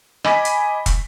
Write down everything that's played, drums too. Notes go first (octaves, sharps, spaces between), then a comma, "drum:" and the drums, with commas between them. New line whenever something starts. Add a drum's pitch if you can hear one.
D#5 G#5 B5 D6 A#6 B6, drum: rim click
drum: hi-hat
drum: kick, hi-hat